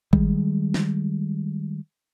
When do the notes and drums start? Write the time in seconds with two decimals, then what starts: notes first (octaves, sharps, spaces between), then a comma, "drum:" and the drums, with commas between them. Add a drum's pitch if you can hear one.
0.13 D#3 G3 G#3, drum: kick G#1
0.74 drum: snare